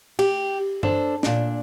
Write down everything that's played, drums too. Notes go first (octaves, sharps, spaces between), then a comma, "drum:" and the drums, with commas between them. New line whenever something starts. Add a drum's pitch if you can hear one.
G4, drum: cymbal
D4 A4 C5, drum: tom G2
A#2 D4, drum: snare